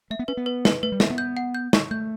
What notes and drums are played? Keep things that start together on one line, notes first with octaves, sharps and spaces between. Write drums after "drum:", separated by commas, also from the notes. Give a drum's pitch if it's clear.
A3 E5
B3
C#4 B4
B3
B4
B4, drum: snare
A3 B4
G3
B3 E5, drum: snare
B3
G6
F#5
G6
C#6, drum: snare
A3 G6